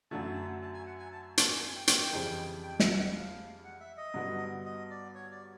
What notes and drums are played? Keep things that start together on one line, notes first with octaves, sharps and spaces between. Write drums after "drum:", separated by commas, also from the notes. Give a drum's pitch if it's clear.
F#2 D3 F#3 A3 A5
A5
G#5
F#5
G#5
A5
A5, drum: hi-hat
G#5
G#5
G5
G5, drum: hi-hat
G5
F2 C#3 E3 G3 C4
G5
F#5, drum: snare
F#5
F5
F#5
E5
D#5
G2 D3 F#3 B3
D#5
D5
C#5
D5